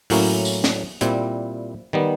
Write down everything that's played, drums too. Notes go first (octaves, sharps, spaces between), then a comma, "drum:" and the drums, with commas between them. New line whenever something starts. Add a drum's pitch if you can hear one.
A2 F#3 A#3 C#4 E4, drum: open hi-hat
drum: tambourine
drum: snare
A#2 G3 C4 E4, drum: hi-hat
D#3 G3 B3